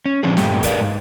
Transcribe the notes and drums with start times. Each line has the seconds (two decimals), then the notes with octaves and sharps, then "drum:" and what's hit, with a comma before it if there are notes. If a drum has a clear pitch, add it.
0.06 C#4
0.23 A#2 D3 F3 C4 D4 G#4
0.37 G2 A#2 G#3 A3 G4, drum: snare
0.63 G#4 A#4 B4 D5 D#5 F5, drum: kick, hi-hat
0.81 G#2